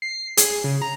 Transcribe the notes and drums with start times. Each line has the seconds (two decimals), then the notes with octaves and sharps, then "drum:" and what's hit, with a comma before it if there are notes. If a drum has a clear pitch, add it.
0.02 C7
0.37 G#4, drum: hi-hat
0.64 C#3
0.82 A#5